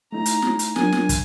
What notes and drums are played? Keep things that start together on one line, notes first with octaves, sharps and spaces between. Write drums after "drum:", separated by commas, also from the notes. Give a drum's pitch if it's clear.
A3 D#4 E4 A#5
drum: hi-hat
drum: snare
drum: hi-hat
F#3 D4 A#4 G#5, drum: snare
drum: snare
drum: kick, hi-hat